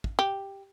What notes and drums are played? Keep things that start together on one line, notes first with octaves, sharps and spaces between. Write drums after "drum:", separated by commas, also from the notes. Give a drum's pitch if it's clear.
drum: kick
G4